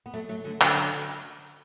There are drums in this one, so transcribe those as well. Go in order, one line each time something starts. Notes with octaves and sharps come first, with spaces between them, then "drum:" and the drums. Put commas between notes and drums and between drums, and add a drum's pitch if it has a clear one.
B3
F#3 A3
F#3 A3
D3 F#3
D3 F#3, drum: clap